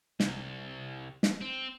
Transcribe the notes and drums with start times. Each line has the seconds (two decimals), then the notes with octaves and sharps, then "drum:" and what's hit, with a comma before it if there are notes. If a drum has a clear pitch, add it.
0.20 C2, drum: snare
1.23 drum: snare
1.41 C4